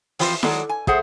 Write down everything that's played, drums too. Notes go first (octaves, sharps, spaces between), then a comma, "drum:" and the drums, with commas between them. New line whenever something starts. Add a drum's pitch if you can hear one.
E3 F3 C4 F4, drum: open hi-hat
D#3 F#3 G#3 F#4 A4 D5, drum: snare E4
G#5
A3 G#4 C5 F#5, drum: kick